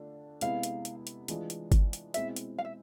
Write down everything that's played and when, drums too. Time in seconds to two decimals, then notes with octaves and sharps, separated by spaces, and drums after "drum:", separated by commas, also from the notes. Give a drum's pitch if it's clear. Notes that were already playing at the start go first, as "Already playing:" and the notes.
Already playing: D3 A3 D4 F4
0.41 C3 G#3 B3 E4 F5, drum: hi-hat
0.63 drum: hi-hat
0.85 drum: hi-hat
1.07 drum: hi-hat
1.28 E3 G#3 D4 F4, drum: hi-hat
1.50 drum: hi-hat
1.72 drum: kick G1, hi-hat
1.93 drum: hi-hat
2.14 B2 G#3 C4 E4 E5, drum: hi-hat
2.36 drum: hi-hat
2.59 F5
2.65 E5